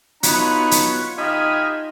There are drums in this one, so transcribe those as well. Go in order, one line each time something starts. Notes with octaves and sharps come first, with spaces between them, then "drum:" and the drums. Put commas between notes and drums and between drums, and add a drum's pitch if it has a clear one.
B3 D#4 F4 F#4 C#5 B5, drum: hi-hat
drum: hi-hat
D#4 G4 D#5 F5 G#5 B5 D#6